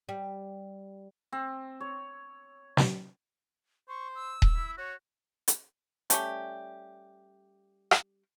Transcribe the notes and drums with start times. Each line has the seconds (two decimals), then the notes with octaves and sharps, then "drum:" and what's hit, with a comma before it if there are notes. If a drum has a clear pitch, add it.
0.09 G3
1.32 C4
1.80 C#5
2.77 drum: snare
3.88 C5 C#6
4.15 E6
4.42 drum: kick D#1
4.55 E4
4.78 F#4 C#5
5.48 drum: hi-hat
6.10 G3 A3 C#4 G4, drum: hi-hat
7.91 drum: rim click